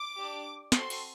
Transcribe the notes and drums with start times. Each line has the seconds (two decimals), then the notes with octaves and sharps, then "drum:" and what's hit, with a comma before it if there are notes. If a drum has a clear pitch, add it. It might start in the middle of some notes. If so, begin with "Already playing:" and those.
Already playing: D6
0.16 D4 G4
0.72 C4 F#4 A4 C6, drum: snare
0.90 drum: cymbal